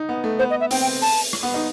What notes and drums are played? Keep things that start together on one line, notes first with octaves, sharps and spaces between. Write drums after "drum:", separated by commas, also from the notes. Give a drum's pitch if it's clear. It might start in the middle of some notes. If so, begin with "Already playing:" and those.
Already playing: D#4
B3
A3
B3 C5
D#5
E5
C4 G5, drum: open hi-hat
G5
A5, drum: open hi-hat
drum: rim click
B3
D#4